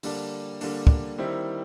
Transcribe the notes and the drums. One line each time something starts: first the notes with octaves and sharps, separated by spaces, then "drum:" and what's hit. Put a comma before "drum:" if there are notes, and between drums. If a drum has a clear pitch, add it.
D3 G3 A#3 D4, drum: open hi-hat
D3 G3 A#3 D4, drum: open hi-hat
drum: kick
D#3 G3 C4 E4